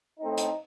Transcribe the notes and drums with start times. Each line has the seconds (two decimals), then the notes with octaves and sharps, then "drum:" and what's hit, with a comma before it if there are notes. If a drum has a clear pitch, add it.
0.20 A2 A3 C4 D#4
0.37 drum: hi-hat